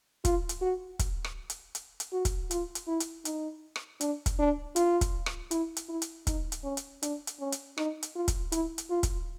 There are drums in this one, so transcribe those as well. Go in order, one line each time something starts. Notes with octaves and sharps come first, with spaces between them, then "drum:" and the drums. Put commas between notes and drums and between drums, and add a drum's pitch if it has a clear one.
F4, drum: kick, hi-hat
drum: hi-hat
F#4
drum: kick, hi-hat
drum: rim click
drum: hi-hat
drum: hi-hat
drum: hi-hat
F#4
drum: kick, hi-hat
F4, drum: hi-hat
drum: hi-hat
E4
drum: hi-hat
D#4, drum: hi-hat
drum: rim click
D4, drum: hi-hat
drum: kick, hi-hat
D4
F4, drum: hi-hat
drum: kick, hi-hat
drum: rim click
E4, drum: hi-hat
drum: hi-hat
E4
drum: hi-hat
D#4, drum: kick, hi-hat
drum: hi-hat
C#4
drum: hi-hat
D4, drum: hi-hat
drum: hi-hat
C#4
drum: hi-hat
D#4, drum: rim click
drum: hi-hat
F4
drum: kick, hi-hat
E4, drum: hi-hat
drum: hi-hat
F4
drum: kick, hi-hat